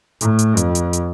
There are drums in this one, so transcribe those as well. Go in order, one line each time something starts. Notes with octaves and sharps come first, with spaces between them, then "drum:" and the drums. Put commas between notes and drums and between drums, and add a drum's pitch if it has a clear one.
A2, drum: hi-hat
drum: hi-hat
F2, drum: hi-hat
drum: hi-hat
drum: hi-hat